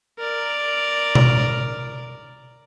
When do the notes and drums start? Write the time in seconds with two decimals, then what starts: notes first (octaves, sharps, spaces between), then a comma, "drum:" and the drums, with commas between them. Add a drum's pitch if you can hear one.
0.18 A#4 D5
1.15 drum: tom B2